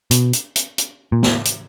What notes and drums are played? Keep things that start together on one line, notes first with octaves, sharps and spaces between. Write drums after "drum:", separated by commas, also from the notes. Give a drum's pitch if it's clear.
B2, drum: hi-hat
drum: hi-hat
drum: hi-hat
drum: hi-hat
A#2
drum: snare
drum: hi-hat